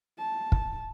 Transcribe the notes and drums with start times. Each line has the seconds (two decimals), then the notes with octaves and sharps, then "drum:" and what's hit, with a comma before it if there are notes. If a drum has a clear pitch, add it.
0.18 A5
0.52 drum: kick